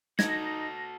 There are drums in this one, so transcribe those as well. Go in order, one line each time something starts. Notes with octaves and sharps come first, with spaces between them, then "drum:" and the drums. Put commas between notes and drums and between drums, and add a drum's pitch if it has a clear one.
D#4 F#4 A4 G#6 A#6, drum: snare